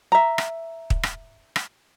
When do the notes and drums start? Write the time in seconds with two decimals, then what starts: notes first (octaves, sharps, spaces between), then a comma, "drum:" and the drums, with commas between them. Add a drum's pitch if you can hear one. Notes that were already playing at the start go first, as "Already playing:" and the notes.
0.12 E5 A#5
0.38 drum: rim click
0.90 drum: kick
1.03 drum: rim click
1.56 drum: rim click